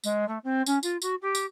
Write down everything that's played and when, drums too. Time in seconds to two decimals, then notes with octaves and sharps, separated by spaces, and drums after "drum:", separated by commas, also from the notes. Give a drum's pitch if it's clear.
0.04 G#3, drum: tambourine
0.28 A3
0.44 C4
0.66 C#4, drum: tambourine
0.83 F4, drum: tambourine
1.02 F#4, drum: tambourine
1.21 G4
1.35 drum: tambourine